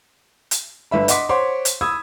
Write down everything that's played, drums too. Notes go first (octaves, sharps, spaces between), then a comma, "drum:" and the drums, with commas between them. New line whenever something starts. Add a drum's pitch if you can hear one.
drum: hi-hat
G1 B4 E5 B5
D#5 F#5 C6 D6 B6, drum: hi-hat
C5 C#5 F#5 C6 D6
drum: hi-hat
B5 D#6 E6 G#6